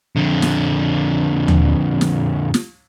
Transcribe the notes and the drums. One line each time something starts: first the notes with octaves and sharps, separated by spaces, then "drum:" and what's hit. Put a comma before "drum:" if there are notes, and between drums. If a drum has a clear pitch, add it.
F2 D3
drum: snare
drum: tom D#2
drum: snare
drum: snare